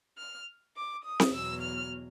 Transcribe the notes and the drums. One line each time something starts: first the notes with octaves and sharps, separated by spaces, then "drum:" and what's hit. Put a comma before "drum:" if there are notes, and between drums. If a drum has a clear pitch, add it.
F6
D6
D#6
drum: snare C4
E2 B2 F#3 E6
F6